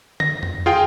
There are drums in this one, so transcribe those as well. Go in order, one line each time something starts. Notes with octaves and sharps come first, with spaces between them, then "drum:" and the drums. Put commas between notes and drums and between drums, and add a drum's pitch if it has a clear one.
A#6, drum: tom
drum: tom F2
F4 G#4 F5 G5